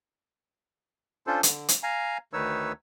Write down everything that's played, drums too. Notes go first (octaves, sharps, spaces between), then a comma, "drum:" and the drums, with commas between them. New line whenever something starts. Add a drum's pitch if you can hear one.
C#4 D4 F4 A4 C5
D3, drum: hi-hat
drum: hi-hat
F5 G#5 A#5
D2 D#3 D#4 B4 C#5 E6